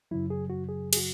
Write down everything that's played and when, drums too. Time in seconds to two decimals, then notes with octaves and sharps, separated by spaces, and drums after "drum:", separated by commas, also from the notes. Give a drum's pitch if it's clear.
0.11 F#2 C#3 F#3 E4
0.30 G#4
0.50 F#4
0.69 G#4
0.93 G#4, drum: cymbal
0.97 F#4